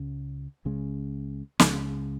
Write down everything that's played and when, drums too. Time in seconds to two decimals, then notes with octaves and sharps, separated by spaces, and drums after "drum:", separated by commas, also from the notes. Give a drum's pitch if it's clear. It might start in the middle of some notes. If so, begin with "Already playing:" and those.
Already playing: C#2 C#3 C#4
0.65 C#2 C#3 G#3 C#4
1.59 C#2 C#3 G#3 C#4, drum: snare